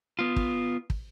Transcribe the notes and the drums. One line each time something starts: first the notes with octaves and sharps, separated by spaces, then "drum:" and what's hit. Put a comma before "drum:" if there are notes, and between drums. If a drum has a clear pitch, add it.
B3 F4
drum: kick
drum: kick